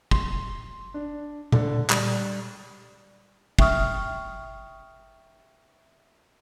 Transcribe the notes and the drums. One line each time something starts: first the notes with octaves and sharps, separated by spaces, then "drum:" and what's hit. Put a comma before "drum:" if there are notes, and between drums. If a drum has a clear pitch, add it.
C6, drum: kick
D4
D3, drum: tom A#2
G3, drum: clap
E5 G5 C#6 D#6 F6, drum: kick